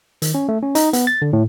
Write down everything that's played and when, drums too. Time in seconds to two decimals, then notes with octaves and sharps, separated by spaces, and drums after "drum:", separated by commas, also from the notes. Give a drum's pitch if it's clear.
0.22 D#3, drum: hi-hat
0.34 C#4
0.49 A3
0.63 C#4
0.75 D#4, drum: hi-hat
0.93 B3, drum: hi-hat
1.07 A6
1.22 D3
1.33 A2